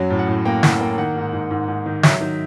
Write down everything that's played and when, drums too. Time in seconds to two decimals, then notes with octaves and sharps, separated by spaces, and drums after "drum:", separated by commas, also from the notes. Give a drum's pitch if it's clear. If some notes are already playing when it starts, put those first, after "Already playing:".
Already playing: F#2 F#3
0.10 A2
0.19 F#5
0.28 A2
0.45 A#3 G5
0.63 A2 F#5, drum: snare
0.80 A#3 G5
0.98 D#3 F#5
1.16 G#2
1.33 G#2
1.51 G#2
1.68 G#2
1.86 D#3
2.03 F#3 E5, drum: snare
2.21 D#3